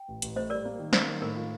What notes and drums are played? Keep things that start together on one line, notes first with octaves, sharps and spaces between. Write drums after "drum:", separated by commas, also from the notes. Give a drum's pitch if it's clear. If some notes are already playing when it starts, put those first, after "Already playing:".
Already playing: G5
A1
A1, drum: hi-hat
A2 C5 D#5
G3 A#4 D5
A#3
D#3
A#3 C5, drum: snare
D#3
A2 A#4
F4